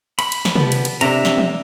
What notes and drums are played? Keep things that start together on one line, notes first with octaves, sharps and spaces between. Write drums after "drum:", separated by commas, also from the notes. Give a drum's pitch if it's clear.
B5, drum: cymbal
drum: cymbal
drum: snare
F3 G3 B3, drum: tom C3
drum: cymbal
drum: cymbal
C3 C4 D4 A4 E5 A#5, drum: cymbal
drum: snare
drum: tom E3